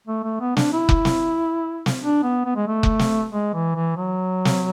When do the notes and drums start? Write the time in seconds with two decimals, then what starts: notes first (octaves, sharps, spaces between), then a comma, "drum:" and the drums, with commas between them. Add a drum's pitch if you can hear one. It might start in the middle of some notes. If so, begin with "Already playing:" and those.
0.07 A3
0.24 A3
0.41 B3
0.57 D4, drum: snare
0.73 E4
0.89 drum: kick F1
1.05 drum: snare
1.86 drum: snare
2.03 D4
2.23 B3
2.45 B3
2.56 G#3
2.68 A3
2.83 drum: kick F1
2.99 drum: snare
3.32 G#3
3.53 E3
3.75 E3
3.96 F#3
4.45 drum: snare